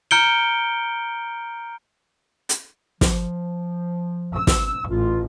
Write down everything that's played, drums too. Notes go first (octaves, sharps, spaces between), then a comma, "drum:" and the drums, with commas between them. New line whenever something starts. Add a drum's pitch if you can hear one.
A#5 F6 G6 C#7 D7 G7
drum: hi-hat
F3, drum: snare
E6
drum: snare
A1 F4